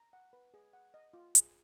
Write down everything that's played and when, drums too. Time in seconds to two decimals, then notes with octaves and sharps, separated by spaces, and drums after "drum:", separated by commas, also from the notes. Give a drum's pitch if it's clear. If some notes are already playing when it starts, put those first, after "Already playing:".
Already playing: A#5
0.13 F#5
0.33 B4
0.54 G#4
0.73 F#5
0.94 D#5
1.14 F4
1.35 G#4, drum: hi-hat